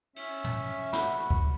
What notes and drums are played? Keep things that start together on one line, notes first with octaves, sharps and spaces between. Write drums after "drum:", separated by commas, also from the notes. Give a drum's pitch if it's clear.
C#4 E5, drum: cymbal
drum: tom
F#4 B5, drum: snare
drum: kick